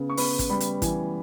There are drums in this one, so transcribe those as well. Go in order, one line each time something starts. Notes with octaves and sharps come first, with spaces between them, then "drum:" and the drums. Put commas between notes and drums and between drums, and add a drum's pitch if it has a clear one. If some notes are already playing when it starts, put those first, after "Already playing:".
Already playing: C#3 B3
C#6
B3 B5, drum: open hi-hat
drum: kick, hi-hat
G3 B5
drum: hi-hat
E3 G#5, drum: kick, hi-hat